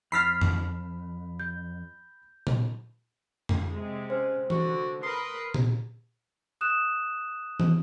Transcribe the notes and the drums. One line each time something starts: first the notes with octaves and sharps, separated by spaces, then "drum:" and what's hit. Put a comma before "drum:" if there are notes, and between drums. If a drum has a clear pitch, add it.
F2 B5 E6 F6 A6 B6 C7
drum: tom F2
G6
drum: tom A#2
drum: tom F2
C3 G#3
C#4 C5
D3 F#4, drum: tom E3
A#4 B4 C6 D#6
drum: tom A#2
D#6 F#6 E7
drum: tom E3